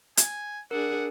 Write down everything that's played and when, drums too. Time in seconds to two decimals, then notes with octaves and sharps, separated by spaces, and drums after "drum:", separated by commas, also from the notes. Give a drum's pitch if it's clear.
0.17 G#5, drum: hi-hat
0.71 D4 G#4 A#4 F#5